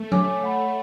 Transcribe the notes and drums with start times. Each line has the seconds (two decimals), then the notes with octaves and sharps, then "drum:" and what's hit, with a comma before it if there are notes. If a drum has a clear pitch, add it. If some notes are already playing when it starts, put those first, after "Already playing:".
Already playing: A3
0.12 C#5 G#5 D6, drum: tom F#3
0.41 C#5 F#5 B5